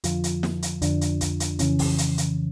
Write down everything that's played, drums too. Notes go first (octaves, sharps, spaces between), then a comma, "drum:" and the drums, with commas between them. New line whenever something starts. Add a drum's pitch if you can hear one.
F2 D3 F3 F4, drum: hi-hat
drum: hi-hat
drum: snare
drum: hi-hat
F2 D3 F3 D4, drum: hi-hat
drum: hi-hat
drum: kick, hi-hat
drum: hi-hat
F2 C#3 E3 C#4, drum: hi-hat
drum: kick, open hi-hat
drum: hi-hat
drum: hi-hat